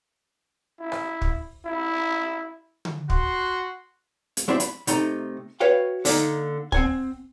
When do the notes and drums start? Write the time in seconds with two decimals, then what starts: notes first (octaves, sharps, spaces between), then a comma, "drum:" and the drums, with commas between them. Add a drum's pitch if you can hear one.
0.80 E4
0.92 drum: rim click
1.22 drum: kick
1.65 E4
2.85 drum: tom D3
3.10 F#4 C6, drum: kick
4.37 drum: hi-hat
4.48 F#3 C4 D4 E4
4.60 B5, drum: hi-hat
4.87 C3 A3 D#4 A#5, drum: hi-hat
5.60 F#4 B4 C#5 F5 G5
6.05 D3 A#3 D4 D#4, drum: open hi-hat
6.72 C4 F#5 G#5, drum: kick